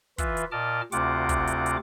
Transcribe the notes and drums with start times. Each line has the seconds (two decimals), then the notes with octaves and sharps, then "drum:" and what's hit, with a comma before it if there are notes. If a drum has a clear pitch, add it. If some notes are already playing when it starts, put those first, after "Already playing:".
0.18 E3 F4 B4 E5, drum: kick, hi-hat
0.37 drum: hi-hat
0.52 A#2 D#5 A5 D6 F6
0.92 D2 C3 C4 F4 F#5 D6, drum: hi-hat
1.29 drum: kick, hi-hat
1.47 drum: hi-hat
1.66 drum: hi-hat